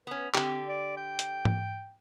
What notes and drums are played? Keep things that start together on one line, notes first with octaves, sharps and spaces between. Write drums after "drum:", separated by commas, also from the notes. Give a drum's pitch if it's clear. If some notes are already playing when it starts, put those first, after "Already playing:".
B3 C#4 B4
D3 C4 G4, drum: clap
D5
G5
drum: hi-hat
drum: tom G#2